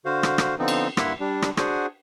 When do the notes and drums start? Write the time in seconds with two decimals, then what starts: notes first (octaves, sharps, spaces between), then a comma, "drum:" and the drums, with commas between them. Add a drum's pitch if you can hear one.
0.05 D3 F#4 C5 F5
0.23 drum: rim click
0.38 drum: rim click
0.59 D3 F3 B3 C4 D#4
0.68 drum: cymbal
0.97 G2 A#3 E4 E5 F#5 C6, drum: rim click
1.20 G3 D4
1.42 drum: rim click
1.57 D4 F#4 G#4 C5 F#5 G#5, drum: rim click